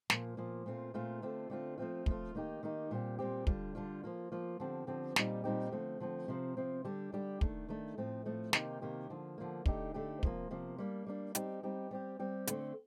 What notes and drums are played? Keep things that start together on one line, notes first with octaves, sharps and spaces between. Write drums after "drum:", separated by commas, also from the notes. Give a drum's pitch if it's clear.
A#2 F3 A#3, drum: snare
A#2 F3 A#3
A#2 A3 C4 F4
A#2 A3 C4 F4
D3 A3 C4 F4
D3 A3 C4 F4
F3 A3 C4 F4
F3 A3 C4 F4, drum: kick
D#3 A#3 D#4 G4
D#3 A#3 D#4 G4
A#2 G3 C4 G4
A#2 G3 C4 G4
D3 G3 D4 F4, drum: kick
D3 G3 D4 F4
F3 A#3 F4
F3 A#3 F4
D3 F3 C4 G4
D3 F3 C4 G4
A#2 G3 C4 D#4 G4, drum: snare
A#2 G3 C4 D#4 G4
D3 F3 A3 C4
D3 F3 A3 C4
C3 F3 C4
C3 F3 C4
D3 G3 D4 G4
D3 G3 D4 G4
D#3 A3 D4, drum: kick
D#3 A3 D4
A2 F3 A3 C4
A2 F3 A3 C4
C3 D#3 A#3 D#4 G4, drum: snare
C3 D#3 A#3 D#4 G4
D3 F3 A#3
D3 F3 A#3
D3 A3 D#4 G4, drum: kick
D3 A3 D#4 G4
C3 F3 A#3, drum: kick
C3 F3 A#3
G3 A#3 D4
G3 A#3 D4
G3 C4 D#4 G4, drum: hi-hat
G3 C4 D#4 G4
G3 C4 G4
G3 C4 G4
D3 A3 C4, drum: hi-hat